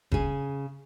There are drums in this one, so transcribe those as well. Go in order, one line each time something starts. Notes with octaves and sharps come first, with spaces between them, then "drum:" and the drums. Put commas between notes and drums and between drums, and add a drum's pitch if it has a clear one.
C#3 G#4, drum: kick